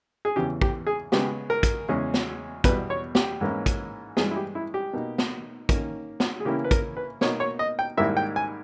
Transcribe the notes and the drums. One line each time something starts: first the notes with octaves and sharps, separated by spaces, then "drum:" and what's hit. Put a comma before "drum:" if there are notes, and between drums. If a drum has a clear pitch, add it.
G#4
E2 C#3 E3 G4
G4, drum: kick
G#4
C#3 G#3 B3 G4, drum: snare
A#4
drum: kick, hi-hat
E2 C#3 G#3 C#4
drum: snare
E2 B2 G3 B4, drum: kick, hi-hat
C#5
G4, drum: snare
G#2 E3 A#3 C#4 E4
drum: kick, hi-hat
G2 E3 G#3 G#4, drum: snare
E4
G4
E4
G4
B2 A#3 D#4
drum: snare
D#3 A#3 C#4, drum: kick, hi-hat
drum: snare
G#4
C#3 E3 A#3 C#4 E4 G4
B4
A#4, drum: kick, hi-hat
B4
B2 A#3 D#4 C#5, drum: snare
C#5
D#5
G5
G#2 D#3 G3 A#3 E4 E5
G5
G#5